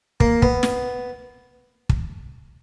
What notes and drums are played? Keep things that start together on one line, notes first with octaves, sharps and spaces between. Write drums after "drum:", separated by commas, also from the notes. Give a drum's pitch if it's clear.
A#3, drum: kick
B3, drum: kick
drum: snare
drum: kick